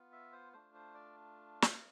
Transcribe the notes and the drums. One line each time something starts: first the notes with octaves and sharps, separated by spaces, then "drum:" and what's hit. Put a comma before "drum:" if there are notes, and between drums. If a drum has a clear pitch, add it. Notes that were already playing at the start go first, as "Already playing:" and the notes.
Already playing: B3 F4
E5
C5
A3 D4 F4 C5
C5
D5
drum: snare